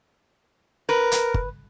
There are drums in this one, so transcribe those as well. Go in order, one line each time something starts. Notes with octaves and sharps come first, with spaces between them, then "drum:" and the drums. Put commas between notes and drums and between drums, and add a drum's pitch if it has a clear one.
A#4 B4
drum: hi-hat
drum: kick G1